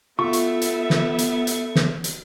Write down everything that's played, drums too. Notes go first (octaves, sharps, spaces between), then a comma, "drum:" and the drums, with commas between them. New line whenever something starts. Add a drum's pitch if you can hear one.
A3 B3 F4 E5 C#6
drum: hi-hat
drum: hi-hat
drum: snare
drum: hi-hat
drum: hi-hat
drum: snare
drum: hi-hat